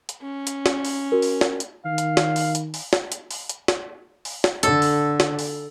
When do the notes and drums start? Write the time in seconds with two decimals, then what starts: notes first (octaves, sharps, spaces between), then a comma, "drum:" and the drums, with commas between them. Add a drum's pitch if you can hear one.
0.09 drum: hi-hat
0.22 C#4
0.47 drum: hi-hat
0.66 drum: snare
0.85 drum: open hi-hat
1.12 F#4 A#4
1.22 drum: open hi-hat
1.41 drum: snare
1.60 drum: hi-hat
1.85 D#3 F5
1.98 drum: hi-hat
2.17 drum: snare
2.36 drum: open hi-hat
2.55 drum: hi-hat
2.74 drum: open hi-hat
2.93 drum: snare
3.12 drum: hi-hat
3.31 drum: open hi-hat
3.49 drum: hi-hat
3.68 drum: snare
4.25 drum: open hi-hat
4.44 drum: snare
4.63 D3 A4, drum: hi-hat
4.82 drum: open hi-hat
5.20 drum: snare
5.39 drum: open hi-hat